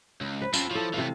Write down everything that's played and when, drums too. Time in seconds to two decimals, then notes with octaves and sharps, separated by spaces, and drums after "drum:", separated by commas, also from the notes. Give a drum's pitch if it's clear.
0.21 C#2
0.41 B4 C5
0.54 C4 C#4 F4 A4, drum: tambourine
0.71 F3 E4 A4 C#5
0.94 C3 E3 A3 F5